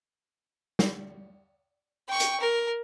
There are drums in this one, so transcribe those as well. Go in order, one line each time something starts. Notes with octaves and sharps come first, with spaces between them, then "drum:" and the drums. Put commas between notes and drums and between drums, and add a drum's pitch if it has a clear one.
drum: snare
G5 C#6
drum: hi-hat
A#4